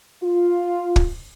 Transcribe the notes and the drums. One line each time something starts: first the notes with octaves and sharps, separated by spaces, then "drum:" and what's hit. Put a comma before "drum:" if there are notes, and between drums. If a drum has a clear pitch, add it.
F4
drum: kick